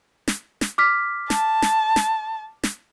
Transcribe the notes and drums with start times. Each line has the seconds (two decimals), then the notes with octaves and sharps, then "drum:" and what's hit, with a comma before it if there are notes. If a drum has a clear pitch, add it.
0.28 drum: snare
0.61 drum: snare
0.78 D6 F6 B6
1.30 A5, drum: snare
1.62 drum: snare
1.96 drum: snare
2.63 drum: snare